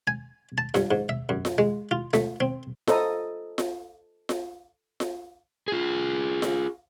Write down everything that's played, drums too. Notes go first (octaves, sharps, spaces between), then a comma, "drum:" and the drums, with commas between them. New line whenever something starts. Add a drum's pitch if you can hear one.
G#5
A5
G2, drum: snare F4
G#2
E5
F#2
drum: snare F4
G#3
F4
A3, drum: snare F4
C4
F4 A4 C5 D#5 A#5 D#6, drum: snare F4
drum: snare F4
drum: snare F4
drum: snare F4
F4 G#4
drum: snare F4